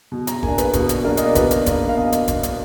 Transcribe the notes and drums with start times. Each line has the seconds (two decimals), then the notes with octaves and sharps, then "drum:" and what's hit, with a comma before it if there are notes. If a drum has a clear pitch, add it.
0.12 B2
0.27 A#5, drum: hi-hat
0.43 A#3 D4 G#5, drum: kick E1
0.58 B4, drum: hi-hat
0.73 B2 B4, drum: kick E1, hi-hat
0.89 drum: hi-hat
1.04 A#3 D4 A#4
1.17 D#5, drum: hi-hat
1.26 D5
1.35 B2 B4, drum: kick E1, hi-hat
1.51 drum: hi-hat
1.66 A#3 D4, drum: kick E1, hi-hat
1.89 F5
1.97 B2 D#5
2.12 drum: hi-hat
2.28 A#3 D4, drum: kick E1, hi-hat
2.43 drum: hi-hat